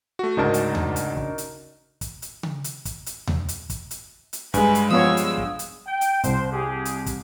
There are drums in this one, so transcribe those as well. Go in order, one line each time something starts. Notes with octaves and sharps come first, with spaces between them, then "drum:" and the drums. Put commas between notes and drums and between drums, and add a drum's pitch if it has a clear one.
A3 F#4
D2 G#2 C#3 D4 D#4 F#4 A#4 A5
drum: hi-hat
drum: tom D#2
drum: hi-hat
drum: kick
drum: hi-hat
drum: kick, hi-hat
drum: hi-hat
drum: tom C#3
drum: hi-hat
drum: kick, hi-hat
drum: hi-hat
drum: tom D#2
drum: hi-hat
drum: kick, hi-hat
drum: hi-hat
drum: hi-hat
G2 G#3 B4 G#5, drum: kick, hi-hat
drum: hi-hat
F3 B3 C#5 F5 D#6 E6
drum: hi-hat
drum: kick
drum: hi-hat
G5
drum: hi-hat
C2 C5, drum: kick, hi-hat
G4 G#4
drum: hi-hat
drum: kick, hi-hat